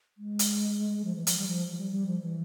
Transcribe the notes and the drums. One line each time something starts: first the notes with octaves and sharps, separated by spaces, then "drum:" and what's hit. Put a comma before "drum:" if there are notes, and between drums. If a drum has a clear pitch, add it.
G#3
drum: hi-hat
F3
E3
F3, drum: hi-hat
G3
F3
F3
G3
G3
F3
E3